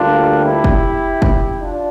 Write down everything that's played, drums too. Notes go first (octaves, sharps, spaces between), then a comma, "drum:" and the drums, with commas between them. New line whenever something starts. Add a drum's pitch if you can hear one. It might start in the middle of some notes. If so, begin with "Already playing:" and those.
Already playing: D2 D3 G3 A#3 D4 F4
E4 G4
drum: kick
drum: kick
D4 F4